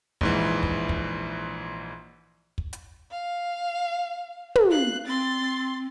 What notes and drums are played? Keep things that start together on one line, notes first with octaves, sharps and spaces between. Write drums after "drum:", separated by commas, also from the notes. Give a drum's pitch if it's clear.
A#1 G#2 E3, drum: kick
drum: kick
drum: kick
drum: kick
drum: hi-hat
F5
drum: tom
F5 F#6
C4 C6 A6